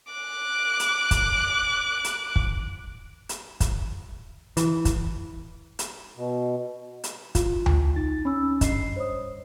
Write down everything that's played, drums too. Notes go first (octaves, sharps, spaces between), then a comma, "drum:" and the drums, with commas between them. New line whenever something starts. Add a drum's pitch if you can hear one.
D6 F#6
drum: hi-hat
drum: kick, hi-hat
drum: hi-hat
drum: kick
drum: hi-hat
drum: kick, hi-hat
E3, drum: hi-hat
drum: kick, hi-hat
drum: hi-hat
B2
drum: hi-hat
F4, drum: kick, hi-hat
drum: tom D2
D#4 A6
C#4 B5 E6
G2 D#5 C7, drum: kick, hi-hat
C5 C#5 D#6